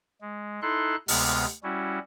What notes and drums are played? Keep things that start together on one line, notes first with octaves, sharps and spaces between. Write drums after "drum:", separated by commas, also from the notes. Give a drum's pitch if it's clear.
G#3
D#4 E4 A4 C6 F#6
D2 C3 G#3 B3 F6, drum: open hi-hat
G3 C#4 E4 F#4